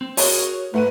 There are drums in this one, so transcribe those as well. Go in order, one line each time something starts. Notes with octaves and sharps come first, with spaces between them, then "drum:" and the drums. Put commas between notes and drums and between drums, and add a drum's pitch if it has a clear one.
C4
F#4 G#4 A#4 C#5, drum: open hi-hat
G#2 A3 B4 F#5 D#7